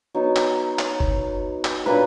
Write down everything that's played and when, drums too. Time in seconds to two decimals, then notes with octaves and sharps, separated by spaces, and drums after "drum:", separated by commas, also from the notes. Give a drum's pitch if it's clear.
0.15 F#3 B3 D#4
0.36 drum: clap
0.79 drum: clap
1.00 drum: kick F#1
1.65 drum: clap
1.86 A#2 F#3 A#3 D4 B4